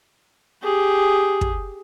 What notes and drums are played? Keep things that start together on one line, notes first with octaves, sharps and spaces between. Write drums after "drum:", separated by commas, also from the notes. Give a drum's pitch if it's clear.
G4 G#4
drum: kick